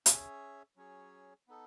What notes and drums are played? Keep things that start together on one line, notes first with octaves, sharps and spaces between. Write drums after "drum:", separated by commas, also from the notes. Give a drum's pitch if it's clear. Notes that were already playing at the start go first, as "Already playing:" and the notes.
C#4 G#4 C#5 E5, drum: hi-hat
F#3 C#4 G#4 C#5
B3 D#4 A4